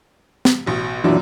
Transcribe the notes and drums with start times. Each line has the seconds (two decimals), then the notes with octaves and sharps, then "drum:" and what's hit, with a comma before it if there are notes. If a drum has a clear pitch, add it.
0.45 drum: snare
0.66 A1 B2
1.04 F#2 A#2 E3 F#3 D4